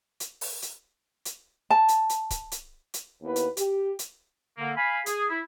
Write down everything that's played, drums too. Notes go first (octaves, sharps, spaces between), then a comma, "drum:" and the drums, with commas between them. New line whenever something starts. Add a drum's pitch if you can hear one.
drum: hi-hat
drum: open hi-hat
drum: hi-hat
drum: hi-hat
A5
drum: hi-hat
drum: hi-hat
drum: kick, hi-hat
drum: hi-hat
drum: hi-hat
D#2 B3 E4 B4
drum: hi-hat
G4, drum: hi-hat
drum: hi-hat
D3 A#3
F5 G#5 B5
G#4, drum: hi-hat
E4